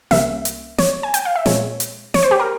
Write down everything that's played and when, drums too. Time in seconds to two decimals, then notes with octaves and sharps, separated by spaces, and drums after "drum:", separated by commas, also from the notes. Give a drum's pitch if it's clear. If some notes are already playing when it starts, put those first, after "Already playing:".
0.11 C2 C3 G3 A#3 C#4 E5, drum: snare
0.45 drum: hi-hat
0.78 C#5, drum: snare
1.03 G#5
1.14 G5, drum: hi-hat
1.25 F5
1.36 E5
1.46 A#2 G#3 C4 C#5, drum: snare
1.80 drum: hi-hat
2.14 C#5, drum: snare
2.23 C5
2.31 G4
2.39 A#4